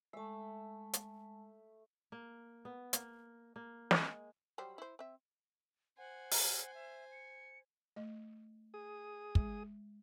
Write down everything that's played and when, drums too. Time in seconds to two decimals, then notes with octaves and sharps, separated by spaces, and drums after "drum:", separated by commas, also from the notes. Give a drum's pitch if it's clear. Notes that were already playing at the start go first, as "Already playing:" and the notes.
0.13 G#3 A3 E5 A5
0.93 drum: hi-hat
2.12 A#3
2.65 B3
2.93 A#3, drum: hi-hat
3.56 A#3
3.91 G#3, drum: snare
4.58 F#3 G3 C5
4.78 E4 C5
4.99 C4 E5
5.98 C5 F#5 G#5
6.31 drum: open hi-hat
6.74 E5
7.12 C#7
7.96 A3 D#5
8.74 G#4 D#6
9.35 G#3, drum: kick